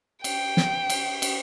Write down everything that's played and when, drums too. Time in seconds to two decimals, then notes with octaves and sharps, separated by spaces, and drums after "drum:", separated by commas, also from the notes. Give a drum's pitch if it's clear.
0.24 G5, drum: cymbal
0.57 drum: snare
0.90 drum: cymbal
1.22 drum: cymbal